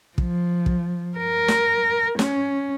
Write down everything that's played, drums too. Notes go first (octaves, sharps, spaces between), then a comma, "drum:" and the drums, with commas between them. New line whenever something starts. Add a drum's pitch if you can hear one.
F3, drum: kick
drum: kick
A#4
drum: snare
C#4, drum: snare